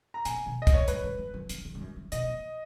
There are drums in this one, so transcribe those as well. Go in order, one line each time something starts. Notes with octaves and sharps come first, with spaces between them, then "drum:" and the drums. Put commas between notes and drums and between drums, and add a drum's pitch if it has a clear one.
A#5
A#2 G#5, drum: hi-hat
B2
D#5
A#2, drum: kick C2, hi-hat
C#5
G#2 B4, drum: hi-hat
G#2
E2
F#2
E2, drum: hi-hat
E2
G#2
F#2
E3
B2 D#5, drum: hi-hat
A#2